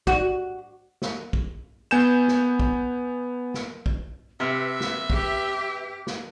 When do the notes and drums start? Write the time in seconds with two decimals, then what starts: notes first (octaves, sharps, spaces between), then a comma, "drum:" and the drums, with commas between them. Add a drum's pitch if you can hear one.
0.07 F#4, drum: kick
1.02 drum: snare
1.33 drum: kick
1.91 B3 G#5 G6 E7
2.28 drum: snare
2.60 drum: kick
3.54 drum: snare
3.86 drum: kick
4.40 C3 B4 E5 F6
4.81 drum: snare
5.10 G4, drum: kick
6.07 drum: snare